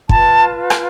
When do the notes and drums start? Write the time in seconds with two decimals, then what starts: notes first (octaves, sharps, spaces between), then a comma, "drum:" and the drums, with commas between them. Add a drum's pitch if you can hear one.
0.09 F4 B4 A5, drum: kick
0.70 drum: rim click